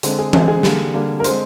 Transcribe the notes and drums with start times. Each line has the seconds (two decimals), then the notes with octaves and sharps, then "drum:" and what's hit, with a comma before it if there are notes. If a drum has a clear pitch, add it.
0.03 D3 G#3 C4, drum: hi-hat
0.18 G#4
0.33 D3 G#3 C4 G#4, drum: tom E3
0.48 G#4
0.63 D3 G3 A#3, drum: snare
0.94 D3 G3 A#3
1.20 A#4
1.24 D3 G#3 C4 C5, drum: hi-hat